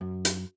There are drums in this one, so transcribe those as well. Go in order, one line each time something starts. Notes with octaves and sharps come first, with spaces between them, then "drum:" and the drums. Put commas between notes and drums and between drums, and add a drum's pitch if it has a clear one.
F#2
drum: hi-hat